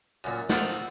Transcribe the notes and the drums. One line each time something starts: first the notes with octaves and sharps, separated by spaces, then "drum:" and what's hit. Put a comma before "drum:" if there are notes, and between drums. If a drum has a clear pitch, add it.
F#2 A#2
A3 A#3 C4 D#4 F4 F#5, drum: snare